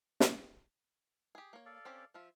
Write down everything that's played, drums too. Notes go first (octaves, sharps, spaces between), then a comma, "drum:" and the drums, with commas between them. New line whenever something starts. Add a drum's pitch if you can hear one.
drum: snare
G4 G#4
A#3 C#5
A4 D5 F5
C4 C#4 G4
F3 F4 E5